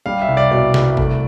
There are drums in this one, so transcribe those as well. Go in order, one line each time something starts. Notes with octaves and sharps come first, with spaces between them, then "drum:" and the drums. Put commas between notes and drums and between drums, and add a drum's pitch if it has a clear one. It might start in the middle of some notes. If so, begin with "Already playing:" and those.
G3 F5
E5
C2
D5
B2 D5
C2, drum: snare
A3, drum: kick G1